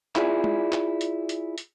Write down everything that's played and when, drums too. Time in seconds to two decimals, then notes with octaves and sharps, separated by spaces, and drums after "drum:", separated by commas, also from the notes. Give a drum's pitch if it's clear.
0.16 E4 F4 G#4 D5, drum: clap
0.44 drum: tom
0.72 drum: clap
1.01 drum: hi-hat
1.29 drum: hi-hat
1.58 drum: hi-hat